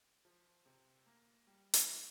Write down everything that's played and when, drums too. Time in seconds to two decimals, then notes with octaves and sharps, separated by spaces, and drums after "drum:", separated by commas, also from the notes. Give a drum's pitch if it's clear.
0.25 F3
0.66 C3
1.06 A#3
1.47 G3
1.74 drum: hi-hat
1.88 D4